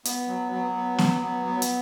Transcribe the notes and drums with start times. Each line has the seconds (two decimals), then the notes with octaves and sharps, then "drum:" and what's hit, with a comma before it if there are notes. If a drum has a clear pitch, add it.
0.05 B3, drum: hi-hat
0.28 F#3
0.52 F#3
0.76 B3
0.98 F#3, drum: snare B3
1.22 B3
1.45 B3
1.62 drum: hi-hat